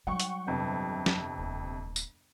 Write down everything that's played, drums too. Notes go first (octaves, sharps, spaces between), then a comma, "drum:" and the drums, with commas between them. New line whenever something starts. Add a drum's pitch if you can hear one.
F#3 G3 F#5 G5 C#6
drum: hi-hat
G1 F2 C3
drum: snare
D#1
drum: tambourine